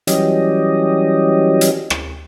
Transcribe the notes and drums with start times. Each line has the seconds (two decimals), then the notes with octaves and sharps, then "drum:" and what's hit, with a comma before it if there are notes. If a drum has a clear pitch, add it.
0.07 E3 F#3 G3 C#4 G4 D#5, drum: hi-hat
1.61 drum: hi-hat
1.90 drum: rim click